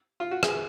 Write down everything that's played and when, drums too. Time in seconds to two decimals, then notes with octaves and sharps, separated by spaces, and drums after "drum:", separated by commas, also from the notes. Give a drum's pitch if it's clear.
0.20 F4
0.31 F#4
0.43 G#4, drum: rim click